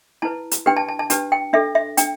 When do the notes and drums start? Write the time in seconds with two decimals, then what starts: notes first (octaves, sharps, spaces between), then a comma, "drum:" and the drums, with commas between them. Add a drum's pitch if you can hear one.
0.22 E4 B4 A5
0.51 drum: hi-hat
0.66 D4 G4 B4 G5
0.77 A5
0.88 A5
0.99 A5
1.10 D4 G4 B4 A5, drum: hi-hat
1.32 G5
1.53 D4 A4 E5
1.75 E5
1.97 D4 G5, drum: hi-hat